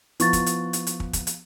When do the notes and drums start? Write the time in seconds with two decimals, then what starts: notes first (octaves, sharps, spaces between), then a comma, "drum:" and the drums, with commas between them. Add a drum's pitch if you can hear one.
0.20 F3 B3 E4 C#6 A6, drum: hi-hat
0.33 drum: kick, hi-hat
0.46 drum: hi-hat
0.73 drum: hi-hat
0.87 drum: hi-hat
1.00 drum: kick
1.13 drum: kick, hi-hat
1.27 drum: hi-hat